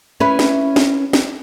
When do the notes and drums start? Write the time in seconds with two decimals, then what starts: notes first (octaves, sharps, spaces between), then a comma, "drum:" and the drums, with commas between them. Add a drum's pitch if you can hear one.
0.20 C#4 E4 B4
0.39 drum: snare
0.76 drum: snare
1.13 drum: snare